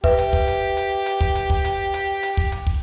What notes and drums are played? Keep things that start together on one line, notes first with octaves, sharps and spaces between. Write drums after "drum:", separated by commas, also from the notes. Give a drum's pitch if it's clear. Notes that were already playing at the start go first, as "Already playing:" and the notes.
G4 B4 E5, drum: kick
drum: hi-hat
drum: kick
drum: hi-hat
drum: hi-hat
drum: hi-hat
drum: kick
drum: hi-hat
drum: kick
drum: hi-hat
drum: hi-hat
drum: hi-hat
drum: kick
drum: hi-hat
drum: kick